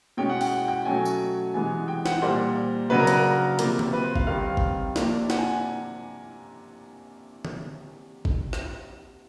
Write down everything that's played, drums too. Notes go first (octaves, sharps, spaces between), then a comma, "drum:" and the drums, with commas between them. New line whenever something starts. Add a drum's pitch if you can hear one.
B2 G#3 C#4 G5
F#5
G5, drum: open hi-hat
F#5
G5
B2 F#3 A3 C#4 G#5
drum: tambourine
C3 E3 G#3 B3 G#5
G5
F#5, drum: snare
A#2 G3 A#3 C5
C#3 F#3 B3 D4 B4
A#4
B4, drum: hi-hat
A#4
C3 F3 A#3, drum: hi-hat
drum: tom D3
B4
C5
F5, drum: kick
D#3 G3 C4 F5
drum: kick
C3 F3 A#3 D4, drum: snare
F#5, drum: snare
G#5
drum: tom D3
drum: kick
drum: rim click